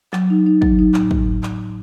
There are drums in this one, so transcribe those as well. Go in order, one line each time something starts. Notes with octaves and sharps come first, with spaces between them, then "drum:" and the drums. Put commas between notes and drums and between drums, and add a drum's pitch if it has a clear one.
F#3, drum: clap
D#4
D#4
F#3, drum: kick
D#4
A2, drum: clap
drum: kick
drum: clap